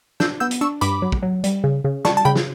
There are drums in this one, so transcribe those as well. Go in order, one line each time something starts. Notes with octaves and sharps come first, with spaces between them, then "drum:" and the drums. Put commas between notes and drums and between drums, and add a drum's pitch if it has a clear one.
D4 E6 G6, drum: snare
B3 E6 G6
drum: hi-hat
D4 C#6 E6
G2 B5 D6, drum: hi-hat
F#3
drum: kick
F#3
G3, drum: hi-hat
C#3
C#3
G3 A5 C#6, drum: snare
A5
C#3 G5 B5
drum: snare